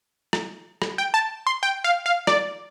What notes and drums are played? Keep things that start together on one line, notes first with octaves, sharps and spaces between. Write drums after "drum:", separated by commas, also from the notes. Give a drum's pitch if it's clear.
drum: rim click
drum: rim click
G5
A5
C6
G5
F5
F5
D5, drum: rim click